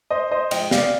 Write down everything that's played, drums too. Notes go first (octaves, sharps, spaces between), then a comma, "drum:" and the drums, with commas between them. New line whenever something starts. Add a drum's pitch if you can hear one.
C5 D#5
C5 D#5
G#2 F3 D#5 G5, drum: cymbal
D5 F5, drum: snare